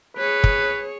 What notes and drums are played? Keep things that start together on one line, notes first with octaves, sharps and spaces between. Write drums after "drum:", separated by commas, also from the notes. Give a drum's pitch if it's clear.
G#4 B4 C#5
drum: kick